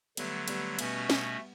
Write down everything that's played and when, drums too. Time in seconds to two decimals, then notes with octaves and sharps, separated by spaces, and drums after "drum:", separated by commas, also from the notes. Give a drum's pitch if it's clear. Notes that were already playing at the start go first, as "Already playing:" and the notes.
0.17 D3 F#3 G3 A3 B3, drum: cymbal
0.48 G3 B3, drum: cymbal
0.79 B2 G3 A3 B3 C#4 F#4, drum: cymbal
1.10 drum: snare